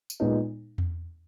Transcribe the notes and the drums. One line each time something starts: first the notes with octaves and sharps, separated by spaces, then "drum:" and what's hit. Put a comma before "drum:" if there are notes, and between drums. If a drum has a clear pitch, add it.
drum: tambourine
A#2 G#3 B3 D#4
drum: tom E2